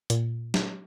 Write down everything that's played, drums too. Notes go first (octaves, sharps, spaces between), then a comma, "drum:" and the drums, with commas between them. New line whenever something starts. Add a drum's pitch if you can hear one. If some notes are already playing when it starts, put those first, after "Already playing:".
A#2, drum: hi-hat
drum: snare